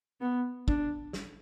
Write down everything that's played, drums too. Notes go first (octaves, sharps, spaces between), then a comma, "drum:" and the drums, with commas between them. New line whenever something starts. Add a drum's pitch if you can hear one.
B3
D4, drum: kick
drum: snare